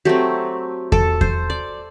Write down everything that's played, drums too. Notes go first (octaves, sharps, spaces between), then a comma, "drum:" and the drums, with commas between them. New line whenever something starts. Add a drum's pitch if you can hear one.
F#3 A3 C4 G4
A4, drum: kick E2
C5, drum: kick E2
D5